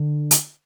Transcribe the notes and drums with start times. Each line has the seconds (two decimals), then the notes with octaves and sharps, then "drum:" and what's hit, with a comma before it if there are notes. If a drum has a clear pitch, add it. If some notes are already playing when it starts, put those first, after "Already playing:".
Already playing: D3
0.31 drum: hi-hat